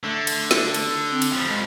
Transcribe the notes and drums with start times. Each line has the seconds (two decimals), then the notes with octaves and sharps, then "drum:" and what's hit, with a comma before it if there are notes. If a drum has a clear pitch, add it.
0.04 D3 A3
0.27 drum: cymbal
0.51 drum: snare
0.74 drum: cymbal
1.11 C4
1.22 drum: cymbal
1.32 F3 G3
1.49 G#3